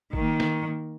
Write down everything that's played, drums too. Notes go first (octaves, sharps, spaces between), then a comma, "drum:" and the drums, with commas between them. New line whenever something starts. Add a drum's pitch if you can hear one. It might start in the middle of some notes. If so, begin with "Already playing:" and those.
D#3 A#3, drum: kick
drum: snare